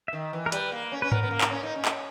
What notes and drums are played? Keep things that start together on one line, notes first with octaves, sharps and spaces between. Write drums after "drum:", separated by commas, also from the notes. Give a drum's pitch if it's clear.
E5
D#3
E3
A#4
G3 B4, drum: hi-hat
A#3
C#4
C#4 B4
B3 A#4, drum: tom G#2
B3
A#3
drum: clap
C#4
D#4
C#4
drum: clap